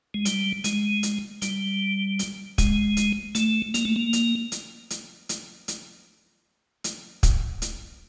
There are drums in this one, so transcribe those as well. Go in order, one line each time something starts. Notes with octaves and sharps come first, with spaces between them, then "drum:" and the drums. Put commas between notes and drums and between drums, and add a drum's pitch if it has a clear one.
G#3
G3, drum: hi-hat
G#3, drum: hi-hat
drum: hi-hat
G3, drum: hi-hat
drum: hi-hat
G#3, drum: kick, hi-hat
drum: hi-hat
A3, drum: hi-hat
A#3, drum: hi-hat
A3
A#3
drum: hi-hat
drum: hi-hat
drum: hi-hat
drum: hi-hat
drum: hi-hat
drum: hi-hat
drum: kick, hi-hat
drum: hi-hat